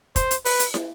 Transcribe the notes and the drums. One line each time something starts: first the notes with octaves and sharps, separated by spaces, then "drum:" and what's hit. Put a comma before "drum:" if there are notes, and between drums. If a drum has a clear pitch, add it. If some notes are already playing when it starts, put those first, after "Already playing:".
C5, drum: kick, hi-hat
drum: hi-hat
B4, drum: open hi-hat
drum: hi-hat
drum: snare